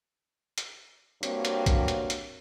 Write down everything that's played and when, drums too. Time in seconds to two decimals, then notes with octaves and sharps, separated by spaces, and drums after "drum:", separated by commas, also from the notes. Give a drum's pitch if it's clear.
0.58 drum: hi-hat
1.23 G2 A#3 C4 F#4 C#5, drum: hi-hat
1.45 drum: hi-hat
1.66 drum: kick, hi-hat
1.88 drum: hi-hat
2.10 drum: hi-hat